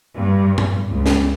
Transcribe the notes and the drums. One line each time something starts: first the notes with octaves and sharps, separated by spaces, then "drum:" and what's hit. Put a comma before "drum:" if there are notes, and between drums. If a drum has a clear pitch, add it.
G2
drum: tom
C#2
drum: snare